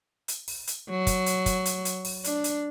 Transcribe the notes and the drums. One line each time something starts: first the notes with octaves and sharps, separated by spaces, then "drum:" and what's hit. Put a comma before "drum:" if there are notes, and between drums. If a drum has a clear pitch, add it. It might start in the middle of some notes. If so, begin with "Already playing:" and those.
drum: hi-hat
drum: open hi-hat
drum: hi-hat
F#3
drum: kick, hi-hat
drum: hi-hat
drum: kick, hi-hat
drum: hi-hat
drum: hi-hat
drum: open hi-hat
D4, drum: hi-hat
drum: hi-hat